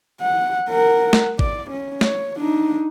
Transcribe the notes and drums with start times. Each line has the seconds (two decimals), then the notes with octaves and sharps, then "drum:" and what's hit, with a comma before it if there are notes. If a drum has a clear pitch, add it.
0.21 F#5
0.69 A#4 F#5
1.13 drum: snare
1.39 D5, drum: kick G#1
1.71 C#4
2.01 C#5, drum: snare
2.36 D4 D#4